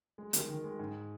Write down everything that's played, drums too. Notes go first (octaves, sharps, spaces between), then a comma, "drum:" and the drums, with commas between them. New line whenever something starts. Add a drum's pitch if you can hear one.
G#3
D#3, drum: hi-hat
D#3
G#3
G#2